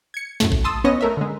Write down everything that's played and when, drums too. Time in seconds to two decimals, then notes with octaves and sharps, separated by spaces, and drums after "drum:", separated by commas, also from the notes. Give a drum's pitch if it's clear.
0.14 G#6 C#7
0.40 F#2 A2 A3, drum: snare
0.52 drum: kick A1
0.64 A5 C6 D#6 E6
0.84 B3 C#4 C#5 D#5 A#6
1.01 A3 A#4 E5
1.17 D3 G#3